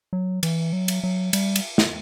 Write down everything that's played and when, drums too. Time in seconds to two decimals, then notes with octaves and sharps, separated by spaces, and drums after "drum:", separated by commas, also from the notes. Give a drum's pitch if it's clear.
0.13 F#3
0.43 E3, drum: cymbal
0.73 F#3
0.88 drum: cymbal
1.04 F#3
1.33 G3, drum: cymbal
1.56 drum: cymbal
1.78 drum: snare